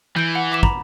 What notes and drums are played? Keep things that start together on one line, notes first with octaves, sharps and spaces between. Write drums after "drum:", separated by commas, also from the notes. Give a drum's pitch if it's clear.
E3 G6 D7
F#5
D6 B6 E7
A#5 B5, drum: kick